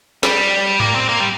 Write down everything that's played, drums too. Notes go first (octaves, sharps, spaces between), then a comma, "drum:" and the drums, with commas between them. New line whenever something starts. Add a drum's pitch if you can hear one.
G3, drum: snare
A#3, drum: tom G#2
C4
A#3
G3